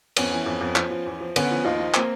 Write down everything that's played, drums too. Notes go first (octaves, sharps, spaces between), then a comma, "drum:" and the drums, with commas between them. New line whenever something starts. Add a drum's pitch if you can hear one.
F2 B3 C#4, drum: cymbal
E3
F2
F2
F3, drum: clap
F3
E2
F3
D3 B3 C#4, drum: cymbal
F3
D#2 D#4 F4
F3
A#3 C4, drum: clap